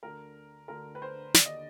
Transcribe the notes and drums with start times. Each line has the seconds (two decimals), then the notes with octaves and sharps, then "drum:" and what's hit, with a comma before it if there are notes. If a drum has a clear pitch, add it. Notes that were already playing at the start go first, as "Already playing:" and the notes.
0.03 D2 D3 A#4
0.68 D2 D3 A#4
0.95 B4
1.02 C5
1.34 D#2 D3 D5, drum: snare
1.46 D#5